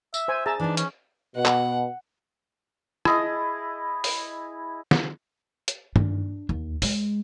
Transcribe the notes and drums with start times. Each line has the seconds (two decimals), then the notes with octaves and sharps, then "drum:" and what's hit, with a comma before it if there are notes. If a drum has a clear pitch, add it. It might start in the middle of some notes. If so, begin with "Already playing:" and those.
0.14 E5, drum: tambourine
0.28 C5 G#5
0.46 G#4 E5 A5 A#5
0.60 E3 D4 D#4
0.77 C#4, drum: hi-hat
1.36 B2 F#5
1.45 drum: clap
3.05 E4 G#4 D#5 A5, drum: rim click
4.04 drum: open hi-hat
4.91 drum: snare
5.68 drum: hi-hat
5.96 D4, drum: tom G2
6.49 D#2
6.82 G#3, drum: open hi-hat